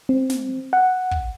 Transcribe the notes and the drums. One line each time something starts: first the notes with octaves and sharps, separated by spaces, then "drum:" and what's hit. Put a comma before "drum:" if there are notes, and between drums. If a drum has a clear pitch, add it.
C4
drum: snare
F#5
drum: kick